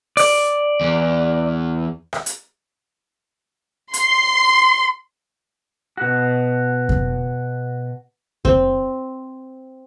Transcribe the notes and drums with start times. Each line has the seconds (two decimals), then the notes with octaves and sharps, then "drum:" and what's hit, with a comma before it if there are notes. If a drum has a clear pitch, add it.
0.17 D5, drum: open hi-hat
0.81 E2
2.13 drum: rim click
2.26 drum: hi-hat
3.94 C6, drum: hi-hat
5.97 B2 F#4
6.89 drum: kick F2
8.45 C4, drum: kick F2